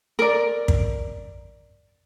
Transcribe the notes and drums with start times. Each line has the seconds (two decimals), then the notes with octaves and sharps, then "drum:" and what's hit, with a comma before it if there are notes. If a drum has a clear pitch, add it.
0.19 A#4 D5
0.68 drum: kick